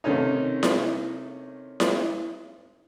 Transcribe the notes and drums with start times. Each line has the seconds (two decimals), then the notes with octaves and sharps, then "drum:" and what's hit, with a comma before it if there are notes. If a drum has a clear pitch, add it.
0.04 C3 D#3 A3 C#4 D#4
0.63 drum: snare E4
1.80 drum: snare E4